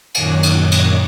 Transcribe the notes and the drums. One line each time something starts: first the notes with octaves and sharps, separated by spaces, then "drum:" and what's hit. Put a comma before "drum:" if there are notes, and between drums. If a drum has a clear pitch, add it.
F#2 A#2 D#3 C#5 D6 F#6, drum: cymbal
drum: cymbal
drum: cymbal